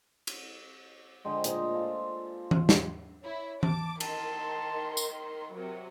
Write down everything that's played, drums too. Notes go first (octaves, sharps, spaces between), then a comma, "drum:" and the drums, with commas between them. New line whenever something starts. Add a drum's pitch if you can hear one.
drum: cymbal
D3 F3 G#3 G5
A#2 D#4 G#4 C5, drum: hi-hat
F4 A4 D5
drum: tom E3
drum: snare
E4 C#5
A5 D6, drum: tom E3
D#3 A5 C6, drum: cymbal
drum: tambourine
C3 F#3 A#4